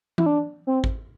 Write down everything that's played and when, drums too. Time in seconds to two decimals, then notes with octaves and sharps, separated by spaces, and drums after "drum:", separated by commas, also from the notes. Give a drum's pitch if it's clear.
0.18 E4, drum: tom E3
0.26 D4
0.67 C4
0.84 drum: kick